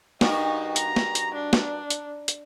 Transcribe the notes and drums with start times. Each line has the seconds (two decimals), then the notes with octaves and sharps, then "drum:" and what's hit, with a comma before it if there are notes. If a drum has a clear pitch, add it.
0.21 G2 D#4 F#4 A#4, drum: snare
0.76 A#5, drum: hi-hat
0.96 drum: snare
1.15 drum: hi-hat
1.35 D4
1.53 drum: snare
1.90 drum: hi-hat
2.28 drum: hi-hat